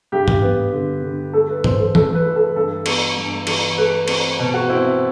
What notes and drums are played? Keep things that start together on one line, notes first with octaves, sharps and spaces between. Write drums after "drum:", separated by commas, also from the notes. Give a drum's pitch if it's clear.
G2 G4
drum: tom G#2
B3
D3
D3
A3 A4
B4
E3 C5, drum: tom G#2
A4
A3 A4, drum: tom E3
B4
E3
A4
G2 A4
B3, drum: cymbal
G2
E3, drum: cymbal
A3 B4
C4, drum: cymbal
B2
F#4
C4 E4